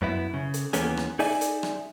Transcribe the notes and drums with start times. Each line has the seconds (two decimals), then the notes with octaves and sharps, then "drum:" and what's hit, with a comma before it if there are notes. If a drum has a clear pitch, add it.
0.02 F#2 B3 E4
0.34 C#3
0.54 drum: hi-hat
0.73 D#2 E3 A#3 B3 C#4 G#4, drum: hi-hat
0.97 drum: rim click
1.19 D#4 G#4 D5 E5 G#5, drum: open hi-hat
1.41 drum: hi-hat
1.63 drum: rim click